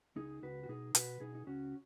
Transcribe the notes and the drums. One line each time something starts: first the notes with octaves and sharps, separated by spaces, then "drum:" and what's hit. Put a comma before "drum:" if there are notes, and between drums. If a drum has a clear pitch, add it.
C#2 D#4 G#4
C#2 F#4 B4
F#4
B2 D#4 G#4
B2 F#4 B4, drum: hi-hat
B2 D#4 G#4
D#4
C#2 C#4 F#4